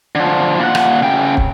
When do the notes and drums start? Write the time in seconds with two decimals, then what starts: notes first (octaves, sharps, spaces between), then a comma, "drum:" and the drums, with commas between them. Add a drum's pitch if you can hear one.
0.15 D3 F3
0.59 A#2 F#5
0.75 drum: rim click
1.03 C#3 G5
1.37 drum: kick